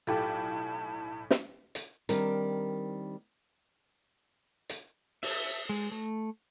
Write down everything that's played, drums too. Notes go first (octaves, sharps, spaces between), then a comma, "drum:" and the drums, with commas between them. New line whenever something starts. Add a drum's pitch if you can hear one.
B1 A2 F4 G4 A4 A5
drum: snare
drum: hi-hat
D#3 G3 C4 D4 A#4, drum: hi-hat
drum: hi-hat
E5, drum: open hi-hat
G#3
A3